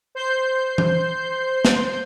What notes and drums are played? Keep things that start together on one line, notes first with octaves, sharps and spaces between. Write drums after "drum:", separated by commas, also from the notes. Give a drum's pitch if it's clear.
C5 G6 C7
drum: tom E3
drum: snare